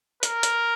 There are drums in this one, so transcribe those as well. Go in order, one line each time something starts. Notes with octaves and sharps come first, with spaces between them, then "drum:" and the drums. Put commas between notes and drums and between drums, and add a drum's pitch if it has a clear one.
A#4, drum: hi-hat
drum: hi-hat